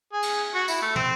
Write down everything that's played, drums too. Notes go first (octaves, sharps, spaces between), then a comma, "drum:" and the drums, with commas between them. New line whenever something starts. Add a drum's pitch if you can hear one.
G#4
drum: cymbal
F#4
E4, drum: tambourine
A3
C4, drum: tom